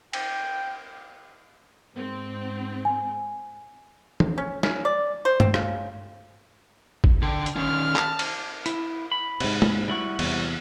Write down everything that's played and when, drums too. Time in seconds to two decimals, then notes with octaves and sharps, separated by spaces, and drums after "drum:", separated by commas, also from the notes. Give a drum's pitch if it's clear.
0.13 G5, drum: cymbal
1.94 G#2 C4
2.85 G#5
4.20 drum: tom
4.38 C#4
4.63 C#4, drum: snare
4.85 D5
5.25 C5
5.40 C4, drum: tom G2
5.54 C#3, drum: rim click
7.04 drum: kick
7.22 D3 G5
7.46 drum: hi-hat
7.56 D#3 C#4 F6
7.96 A5, drum: clap
8.19 drum: cymbal
8.66 E4, drum: hi-hat
9.12 B5
9.40 G#2 C3, drum: cymbal
9.62 drum: tom
9.88 G3 E4 F#4
10.19 E2 C3, drum: cymbal